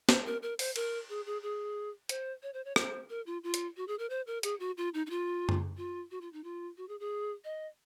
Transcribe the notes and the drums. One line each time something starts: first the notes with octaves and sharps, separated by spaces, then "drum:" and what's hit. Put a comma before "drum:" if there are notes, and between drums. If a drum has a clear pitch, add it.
C5, drum: snare
A#4
A#4
C5, drum: open hi-hat
A#4, drum: cymbal
G#4
G#4
G#4
C5, drum: hi-hat
C#5
C5
C#5
C5, drum: rim click
A#4
F4
F4
drum: hi-hat
F#4
G#4
A#4
C5
A#4
G#4, drum: hi-hat
F#4
F4
D#4
D#4
F4
drum: tom F#2
F4
F#4
F4
D#4
F4
F#4
G#4
G#4
D#5